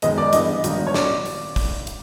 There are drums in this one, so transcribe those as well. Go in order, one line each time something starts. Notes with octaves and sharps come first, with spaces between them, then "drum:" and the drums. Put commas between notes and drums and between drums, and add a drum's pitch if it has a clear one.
F#2 D#3 G#3 B3 D#5, drum: hi-hat
D5
G2 E3 G#3 B3 D#5, drum: hi-hat
G#1 G2 D#3 F#3, drum: hi-hat
C#5
D5, drum: snare
drum: open hi-hat
drum: kick, open hi-hat
drum: hi-hat